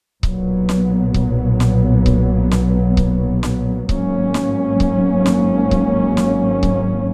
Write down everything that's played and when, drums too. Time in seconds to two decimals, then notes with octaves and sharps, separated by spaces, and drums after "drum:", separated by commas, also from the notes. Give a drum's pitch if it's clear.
0.23 B1 A#2 F#3 B3, drum: kick C#1
0.69 drum: snare
1.14 drum: kick C#1
1.60 drum: snare
2.06 drum: kick C#1
2.51 drum: snare
2.97 drum: kick C#1
3.43 drum: snare
3.89 G#1 G#2 F#3 A#3 C#4, drum: kick C#1
4.34 drum: snare
4.80 drum: kick C#1
5.26 drum: snare
5.71 drum: kick C#1
6.17 drum: snare
6.63 drum: kick C#1